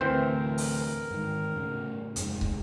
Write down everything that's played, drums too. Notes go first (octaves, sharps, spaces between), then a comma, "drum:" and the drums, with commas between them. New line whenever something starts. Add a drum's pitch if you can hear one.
D2 A2 E3 C4 A#4 C5
drum: open hi-hat
G#2 D#3
A2 C#3
F1 G#2, drum: hi-hat
drum: kick